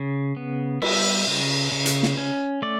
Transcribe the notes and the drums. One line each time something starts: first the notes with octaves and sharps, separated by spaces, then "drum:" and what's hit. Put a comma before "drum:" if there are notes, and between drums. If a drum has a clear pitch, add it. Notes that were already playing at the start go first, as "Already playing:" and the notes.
Already playing: C#3
B3
G3 E5, drum: cymbal
C#3
C#3
drum: hi-hat
drum: snare
C#4
A3 D5